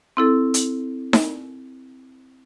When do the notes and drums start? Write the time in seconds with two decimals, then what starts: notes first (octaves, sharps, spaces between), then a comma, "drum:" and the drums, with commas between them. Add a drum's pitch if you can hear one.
0.17 C4 E4 A4
0.54 drum: hi-hat
1.13 drum: snare D#4